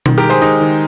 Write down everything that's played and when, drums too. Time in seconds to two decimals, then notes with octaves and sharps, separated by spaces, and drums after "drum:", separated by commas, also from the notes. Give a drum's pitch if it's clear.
0.06 D#3, drum: tom B2
0.18 G4 A#4
0.24 G#3
0.30 G#4 C5
0.42 G#3 D#4
0.60 D#3